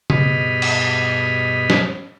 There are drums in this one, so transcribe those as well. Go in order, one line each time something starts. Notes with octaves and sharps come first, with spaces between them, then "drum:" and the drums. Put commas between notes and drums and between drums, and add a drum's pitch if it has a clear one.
G2 B2 G#4 D#5 B5 F6, drum: tom C#3
drum: cymbal
drum: snare